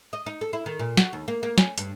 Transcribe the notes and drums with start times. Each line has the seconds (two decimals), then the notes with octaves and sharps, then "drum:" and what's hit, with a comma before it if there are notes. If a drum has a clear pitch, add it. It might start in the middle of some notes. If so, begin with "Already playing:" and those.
0.13 D#5
0.26 D#4
0.41 A4
0.53 E4
0.66 D#3
0.79 A#2
0.97 F#4, drum: snare
1.13 D#2
1.28 A#3
1.43 A#3
1.58 C#4, drum: snare
1.78 G2, drum: hi-hat